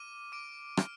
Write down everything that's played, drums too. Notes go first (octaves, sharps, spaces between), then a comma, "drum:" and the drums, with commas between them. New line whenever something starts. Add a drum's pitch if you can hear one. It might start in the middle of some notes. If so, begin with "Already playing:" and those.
Already playing: D6 F6 D#7
D6 D7
F6 D7, drum: rim click